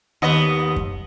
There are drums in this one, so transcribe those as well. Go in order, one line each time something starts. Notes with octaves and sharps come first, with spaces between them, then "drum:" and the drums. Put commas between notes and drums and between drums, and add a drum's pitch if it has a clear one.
D#2 B3 D#5
drum: kick F#2